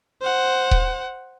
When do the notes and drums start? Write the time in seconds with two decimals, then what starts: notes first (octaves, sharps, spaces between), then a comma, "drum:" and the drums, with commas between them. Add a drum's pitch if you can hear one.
0.22 C5 F#5
0.71 drum: kick D#1